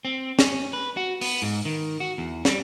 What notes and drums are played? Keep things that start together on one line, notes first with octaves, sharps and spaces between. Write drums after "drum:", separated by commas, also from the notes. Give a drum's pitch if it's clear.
C4
C#4, drum: snare
B4
F#4
B3, drum: open hi-hat
G#2
D#3
F#4
E2
G3, drum: snare